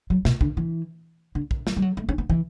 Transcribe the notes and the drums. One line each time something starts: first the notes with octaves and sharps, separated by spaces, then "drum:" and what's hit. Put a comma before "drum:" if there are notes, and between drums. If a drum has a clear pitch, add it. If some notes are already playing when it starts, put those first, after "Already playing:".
F#3
B2, drum: snare
D3, drum: kick
E3
D3
drum: kick
F#3, drum: snare
G3
F#3
A3
C#4
B3
E3